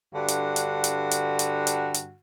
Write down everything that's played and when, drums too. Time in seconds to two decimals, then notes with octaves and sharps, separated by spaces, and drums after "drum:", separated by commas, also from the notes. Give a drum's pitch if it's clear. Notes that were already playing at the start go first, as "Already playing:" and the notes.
0.15 G2 D3 F#4
0.28 drum: hi-hat
0.56 drum: hi-hat
0.84 drum: hi-hat
1.11 drum: hi-hat
1.39 drum: hi-hat
1.67 drum: hi-hat
1.94 drum: hi-hat